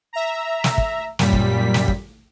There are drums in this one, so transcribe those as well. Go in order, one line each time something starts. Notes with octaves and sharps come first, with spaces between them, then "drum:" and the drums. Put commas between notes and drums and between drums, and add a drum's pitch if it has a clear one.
E5 A#5
drum: snare
drum: kick
F#2 A#2 G3 B6, drum: snare
drum: kick
drum: snare
drum: kick